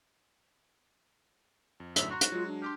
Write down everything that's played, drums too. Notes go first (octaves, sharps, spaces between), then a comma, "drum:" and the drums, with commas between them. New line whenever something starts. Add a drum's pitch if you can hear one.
F2
F#2 A2 D3 E5, drum: hi-hat
F#4 A#5 C6 C#6
drum: hi-hat
F#3 G#3 F4
D4
G4 C6 D6 F6